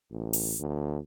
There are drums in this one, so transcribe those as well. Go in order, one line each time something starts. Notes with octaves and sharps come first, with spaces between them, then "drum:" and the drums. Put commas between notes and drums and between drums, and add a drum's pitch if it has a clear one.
A1
drum: open hi-hat
D2